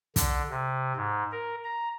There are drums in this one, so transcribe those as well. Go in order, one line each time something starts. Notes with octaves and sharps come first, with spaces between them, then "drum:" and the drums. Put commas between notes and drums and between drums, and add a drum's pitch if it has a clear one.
D3, drum: kick, hi-hat
C3
G#2
A#4
A#5